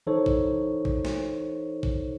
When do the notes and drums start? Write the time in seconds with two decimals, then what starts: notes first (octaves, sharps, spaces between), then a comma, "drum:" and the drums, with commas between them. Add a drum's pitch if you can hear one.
0.07 E3 D#4 A4 C5 C#5
0.26 drum: kick A#1
0.85 drum: kick A#1
1.05 drum: snare
1.83 drum: kick A#1